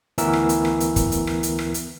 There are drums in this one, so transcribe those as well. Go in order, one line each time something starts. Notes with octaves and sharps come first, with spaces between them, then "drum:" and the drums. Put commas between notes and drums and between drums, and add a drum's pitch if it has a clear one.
D2 E3 B3 A#4 E5 E6, drum: hi-hat
drum: rim click
drum: hi-hat
drum: rim click
drum: hi-hat
drum: kick, hi-hat
drum: hi-hat
drum: rim click
drum: hi-hat
drum: rim click
drum: hi-hat